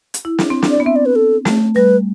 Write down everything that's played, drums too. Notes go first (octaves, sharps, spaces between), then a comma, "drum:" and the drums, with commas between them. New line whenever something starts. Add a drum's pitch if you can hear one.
drum: hi-hat
E4
D4, drum: snare
C4
D4, drum: snare
D5
B3
C4 E5
D5
B4
A4
A3, drum: snare
G3 B4